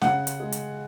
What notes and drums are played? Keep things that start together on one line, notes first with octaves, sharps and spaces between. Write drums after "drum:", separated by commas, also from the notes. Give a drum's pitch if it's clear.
C#3 F#5, drum: snare
drum: hi-hat
G#3
drum: hi-hat